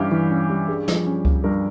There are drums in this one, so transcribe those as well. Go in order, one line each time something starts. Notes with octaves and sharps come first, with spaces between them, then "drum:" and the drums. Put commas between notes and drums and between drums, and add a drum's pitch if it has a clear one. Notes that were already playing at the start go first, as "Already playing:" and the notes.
Already playing: G2 E3 G3 C#4 G4 F5
E3
C#4
G3
G2 G#4
F3, drum: snare
C#4
A#3, drum: kick C#2
G2 A#4